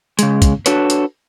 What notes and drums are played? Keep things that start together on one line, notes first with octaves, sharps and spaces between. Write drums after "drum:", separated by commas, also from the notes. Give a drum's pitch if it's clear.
C#3 G#3, drum: hi-hat
drum: kick, hi-hat
D4 F#4 A4 B4 C#5, drum: hi-hat
drum: hi-hat